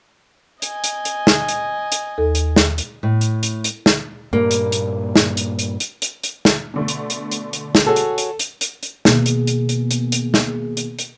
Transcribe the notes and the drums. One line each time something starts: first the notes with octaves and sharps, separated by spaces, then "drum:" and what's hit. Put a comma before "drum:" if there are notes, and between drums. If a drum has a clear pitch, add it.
D#5 G#5, drum: hi-hat
drum: hi-hat
drum: hi-hat
drum: snare
drum: hi-hat
drum: hi-hat
D#2 A4
drum: hi-hat
drum: snare
drum: hi-hat
A2
drum: hi-hat
drum: hi-hat
drum: hi-hat
drum: snare
G2 A#2 A#3
drum: hi-hat
drum: hi-hat
drum: snare
drum: hi-hat
drum: hi-hat
drum: hi-hat
drum: hi-hat
drum: hi-hat
drum: snare
B2 D3 A3
drum: hi-hat
drum: hi-hat
drum: hi-hat
drum: hi-hat
drum: snare
F#4 G#4 A4 C#5
drum: hi-hat
drum: hi-hat
drum: hi-hat
drum: hi-hat
drum: hi-hat
B2 D#3 A#3 B3 G#4, drum: snare
drum: hi-hat
drum: hi-hat
drum: hi-hat
drum: hi-hat
drum: hi-hat
drum: snare
drum: hi-hat
drum: hi-hat